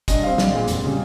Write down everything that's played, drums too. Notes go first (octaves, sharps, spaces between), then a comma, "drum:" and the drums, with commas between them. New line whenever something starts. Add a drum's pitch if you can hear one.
G2 D#5, drum: kick, hi-hat
G3 C4 F5
A#1, drum: snare
A#2 G#3
F1, drum: hi-hat
C#3 G3